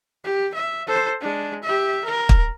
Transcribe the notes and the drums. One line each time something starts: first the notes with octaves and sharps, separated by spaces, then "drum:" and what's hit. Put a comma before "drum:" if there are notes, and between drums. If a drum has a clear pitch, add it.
G4
E5
A4 C5
G#3 D4
G4 E5
A#4
drum: kick